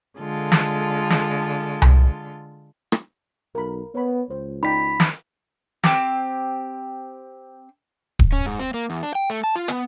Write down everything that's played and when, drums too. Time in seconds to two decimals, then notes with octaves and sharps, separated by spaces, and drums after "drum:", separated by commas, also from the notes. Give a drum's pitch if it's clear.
0.18 D3 G#3 F4 A4
0.52 drum: snare
1.10 drum: snare
1.82 drum: tom C2
2.92 drum: rim click
3.55 B1 A#4 B5
3.95 B3 C#5 B5
4.30 C#2 C5
4.63 D#4 D5 G5 B5 B6
5.00 drum: snare
5.84 C4 G4, drum: snare
8.19 drum: kick D1
8.32 C#4
8.46 G#2
8.60 C4
8.74 A#3
8.90 E2
9.03 D4
9.15 G5
9.30 A3
9.44 A5
9.56 F4
9.68 B3, drum: hi-hat